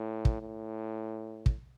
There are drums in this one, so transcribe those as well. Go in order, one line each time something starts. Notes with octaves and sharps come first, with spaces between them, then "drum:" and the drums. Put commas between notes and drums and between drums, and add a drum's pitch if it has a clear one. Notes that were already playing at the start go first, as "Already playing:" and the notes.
Already playing: A2
drum: kick
A2
drum: kick